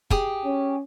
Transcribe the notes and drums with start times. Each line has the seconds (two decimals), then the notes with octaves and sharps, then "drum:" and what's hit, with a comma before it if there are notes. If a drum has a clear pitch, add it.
0.10 G4 G#4 D#6, drum: kick
0.45 C#4